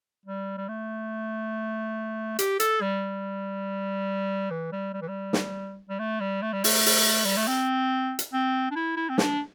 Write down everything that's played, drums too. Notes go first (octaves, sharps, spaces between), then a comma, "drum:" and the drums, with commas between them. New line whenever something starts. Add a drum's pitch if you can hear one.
G3
G3
A3
G4, drum: hi-hat
A4, drum: hi-hat
G3
E3
G3
G3
E3
G3
drum: snare
G3
A3
G3
A3
G3
A3, drum: open hi-hat
drum: open hi-hat
G3
A3
C4
drum: hi-hat
C4
D4
E4
E4
C4
D4, drum: snare